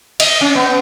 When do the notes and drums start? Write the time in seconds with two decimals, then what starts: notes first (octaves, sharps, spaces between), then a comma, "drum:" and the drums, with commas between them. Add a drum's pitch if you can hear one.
0.20 D#5, drum: cymbal
0.41 C#4
0.55 B3